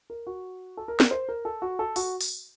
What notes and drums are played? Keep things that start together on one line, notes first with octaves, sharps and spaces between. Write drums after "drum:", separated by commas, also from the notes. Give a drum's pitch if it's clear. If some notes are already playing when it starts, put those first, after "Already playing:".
A#4
F#4
A4
A#4
A#4, drum: snare
C5
A#4
A4
F#4
A4
F#4, drum: open hi-hat
drum: open hi-hat